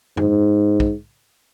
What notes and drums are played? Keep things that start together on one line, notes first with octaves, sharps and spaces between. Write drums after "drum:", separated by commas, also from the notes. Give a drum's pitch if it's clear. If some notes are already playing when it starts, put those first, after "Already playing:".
G#2, drum: tom F#2
drum: kick